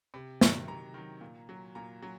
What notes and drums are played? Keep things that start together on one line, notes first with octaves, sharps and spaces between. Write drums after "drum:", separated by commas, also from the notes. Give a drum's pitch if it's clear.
C3
D#3 F#3, drum: snare
C3 A#5
D#3 F#3
A#2
F#3
A#2 A#5
F#3